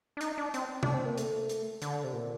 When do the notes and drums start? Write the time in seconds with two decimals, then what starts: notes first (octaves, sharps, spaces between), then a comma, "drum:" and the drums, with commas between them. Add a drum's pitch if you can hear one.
0.17 D4
0.21 D#4, drum: hi-hat
0.38 D4
0.54 C4, drum: hi-hat
0.83 D4, drum: tom C3
0.94 C4
1.05 A#3
1.18 A3, drum: hi-hat
1.49 drum: hi-hat
1.82 D3, drum: hi-hat
2.04 C3
2.13 A#2